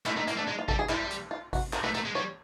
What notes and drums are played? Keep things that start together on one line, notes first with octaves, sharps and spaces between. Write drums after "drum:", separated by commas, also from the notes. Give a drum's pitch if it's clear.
A3 E4, drum: clap
A3 D#4
A#3 E4, drum: hi-hat
A3 D4
G#3 D#4
F4
G3 A4, drum: kick G#1
G#4
G3 E4, drum: clap
drum: hi-hat
F4
F#4, drum: kick G#1, open hi-hat
A#4, drum: clap
A3 B4
A3 A#4, drum: hi-hat
G#3
G3 C#5